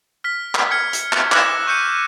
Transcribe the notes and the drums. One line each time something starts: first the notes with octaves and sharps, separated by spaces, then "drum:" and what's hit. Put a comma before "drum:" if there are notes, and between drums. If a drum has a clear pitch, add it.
F6 B6
drum: clap
F6 G#6 C#7
drum: hi-hat
drum: clap
D6 E6 F#6 A#6 E7, drum: clap
C#6 F#6 G6 C#7 D#7